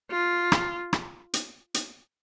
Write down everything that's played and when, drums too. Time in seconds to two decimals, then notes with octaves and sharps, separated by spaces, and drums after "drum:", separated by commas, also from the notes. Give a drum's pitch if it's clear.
0.11 F4
0.52 drum: rim click
0.93 drum: rim click
1.34 drum: hi-hat
1.74 drum: hi-hat